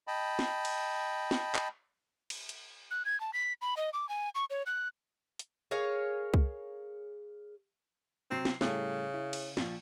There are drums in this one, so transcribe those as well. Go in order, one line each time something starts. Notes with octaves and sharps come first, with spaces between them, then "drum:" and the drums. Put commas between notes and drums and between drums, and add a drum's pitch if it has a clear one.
D#5 G5 A5 B5
drum: snare
drum: cymbal
drum: snare
drum: clap
drum: cymbal
drum: hi-hat
F#6
G#6
A5
B6
B5
D#5
D6
G#5
C#6
C#5
F#6
drum: hi-hat
G#4 A#4 C#5 F5
drum: kick C2
C3 F#3 C4 C7
drum: snare
A2 C#3 G3 A3, drum: snare
E4
drum: cymbal
A#1 F3, drum: snare